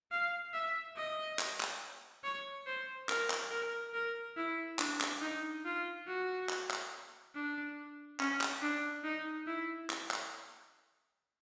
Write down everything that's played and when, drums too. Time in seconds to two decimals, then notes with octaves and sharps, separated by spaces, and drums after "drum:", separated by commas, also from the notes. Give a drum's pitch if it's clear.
0.11 F5
0.53 E5
0.96 D#5
1.39 drum: clap
1.60 drum: clap
2.24 C#5
2.67 C5
3.09 A#4, drum: clap
3.30 drum: clap
3.51 A#4
3.94 A#4
4.37 E4
4.79 D4, drum: clap
5.01 drum: clap
5.22 D#4
5.65 F4
6.07 F#4
6.50 drum: clap
6.71 drum: clap
7.35 D4
8.20 C#4, drum: clap
8.41 drum: clap
8.62 D4
9.04 D#4
9.47 E4
9.90 drum: clap
10.11 drum: clap